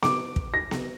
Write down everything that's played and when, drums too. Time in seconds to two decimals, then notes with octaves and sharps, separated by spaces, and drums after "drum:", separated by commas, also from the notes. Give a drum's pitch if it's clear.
0.03 D6, drum: snare B3
0.36 drum: kick
0.54 A#6
0.71 drum: snare B3